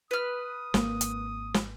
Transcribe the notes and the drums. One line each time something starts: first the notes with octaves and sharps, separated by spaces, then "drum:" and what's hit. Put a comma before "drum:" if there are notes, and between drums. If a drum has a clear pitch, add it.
B4 D#6 F6
G#1 A#3, drum: snare
drum: hi-hat
drum: snare